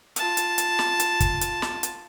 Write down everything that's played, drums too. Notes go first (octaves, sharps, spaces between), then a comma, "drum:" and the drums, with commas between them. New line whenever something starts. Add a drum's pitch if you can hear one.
F4 A5, drum: hi-hat
drum: hi-hat
drum: hi-hat
drum: snare
drum: hi-hat
drum: kick, hi-hat
drum: hi-hat
drum: snare
drum: hi-hat